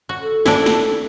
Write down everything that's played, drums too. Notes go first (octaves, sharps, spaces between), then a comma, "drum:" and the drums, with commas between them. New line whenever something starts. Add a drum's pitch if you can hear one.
F#4
A4
D4 E4, drum: snare
drum: snare